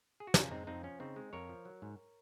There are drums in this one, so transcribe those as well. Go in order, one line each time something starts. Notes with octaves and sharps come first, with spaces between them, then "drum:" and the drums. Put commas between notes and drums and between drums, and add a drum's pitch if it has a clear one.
G#4
F#4
C#3 C#4 F4, drum: snare
G#3 C4 D#4
F2 C4 D#4
F3 C#4
C#3 C4 D#4
G#3
F2 A#4 C#5
F3
F#3
G#2